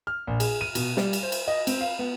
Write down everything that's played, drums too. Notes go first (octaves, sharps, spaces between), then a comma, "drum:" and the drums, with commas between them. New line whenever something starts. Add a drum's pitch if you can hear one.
F6
A#1
G#4, drum: cymbal
D#7
B2, drum: cymbal
G3, drum: snare
drum: cymbal
C5
drum: cymbal
D#5
C4, drum: cymbal
F5
B3